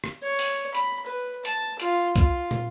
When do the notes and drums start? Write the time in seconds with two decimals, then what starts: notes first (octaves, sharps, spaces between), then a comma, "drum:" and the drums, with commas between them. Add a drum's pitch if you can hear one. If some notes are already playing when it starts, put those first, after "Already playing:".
0.04 drum: rim click
0.23 C#5
0.39 drum: open hi-hat
0.75 B5, drum: hi-hat
1.06 B4
1.45 A5, drum: hi-hat
1.80 F4, drum: hi-hat
2.16 F4, drum: kick C2, hi-hat
2.51 drum: tom